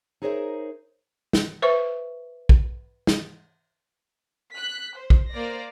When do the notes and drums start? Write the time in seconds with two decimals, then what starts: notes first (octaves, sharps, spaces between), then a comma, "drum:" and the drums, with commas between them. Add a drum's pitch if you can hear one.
0.22 D#4 G#4 A#4 C5 C#5 E5
1.33 drum: snare
1.62 B4 C5 E5 C#6
2.49 drum: kick
3.07 drum: snare
4.55 F#6 B6
4.96 C5
5.10 drum: kick
5.31 A#3 C5 D5 A#6